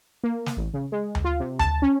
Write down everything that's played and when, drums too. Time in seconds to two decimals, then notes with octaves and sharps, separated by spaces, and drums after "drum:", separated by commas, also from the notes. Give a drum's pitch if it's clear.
0.23 A#3
0.46 drum: snare
0.57 A1
0.74 C#3
0.92 G#3
1.15 drum: tom D2
1.25 F4
1.40 C3
1.59 A5, drum: tom D2
1.82 C#4